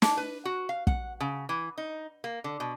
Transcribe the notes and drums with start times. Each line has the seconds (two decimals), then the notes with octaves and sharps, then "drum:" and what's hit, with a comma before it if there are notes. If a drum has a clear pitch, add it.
0.02 D4, drum: snare
0.17 B4
0.45 F#4
0.69 F5
0.87 F#5, drum: kick
1.20 C#3
1.49 E3
1.78 D#4
2.24 A#3
2.44 D3
2.60 B2